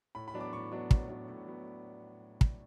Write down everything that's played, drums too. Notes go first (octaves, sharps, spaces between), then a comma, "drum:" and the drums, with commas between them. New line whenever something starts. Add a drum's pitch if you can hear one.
A2 B5
B5
F#3 B3 D4
D6
A2 C#6
F#3 B3 D4
A2, drum: kick
F#3 B3 D4
A2
F#3 B3
drum: kick